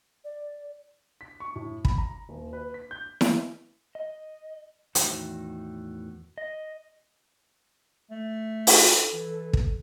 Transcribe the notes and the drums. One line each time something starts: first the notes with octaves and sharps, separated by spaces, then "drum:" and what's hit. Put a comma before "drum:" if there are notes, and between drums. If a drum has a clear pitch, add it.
D5
B6
C#6
A2
B5, drum: kick
A#5
D#1
B4
B6
G6
drum: snare E4
D#5
E2 A2 D#3 D#4 F#4, drum: hi-hat
D#5
A3
A4, drum: open hi-hat
E3
drum: kick